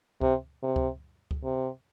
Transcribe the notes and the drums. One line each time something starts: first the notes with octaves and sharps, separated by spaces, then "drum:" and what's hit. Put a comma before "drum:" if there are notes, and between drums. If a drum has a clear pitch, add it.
C3, drum: kick C#2
C3
drum: kick C#2
drum: kick C#2
C3